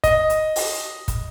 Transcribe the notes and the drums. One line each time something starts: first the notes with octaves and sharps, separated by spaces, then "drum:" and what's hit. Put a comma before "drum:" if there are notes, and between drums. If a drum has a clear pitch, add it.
D#5, drum: kick, hi-hat
drum: hi-hat
drum: open hi-hat
drum: kick, hi-hat